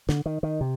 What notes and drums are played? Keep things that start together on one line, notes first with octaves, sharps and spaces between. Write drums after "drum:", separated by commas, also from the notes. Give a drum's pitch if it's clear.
D3, drum: snare
D#3
D#3
C3